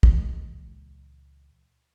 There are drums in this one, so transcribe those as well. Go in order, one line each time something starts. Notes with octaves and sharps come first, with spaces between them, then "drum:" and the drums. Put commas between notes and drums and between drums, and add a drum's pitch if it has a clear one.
C#2 A#2 E3 G#3, drum: kick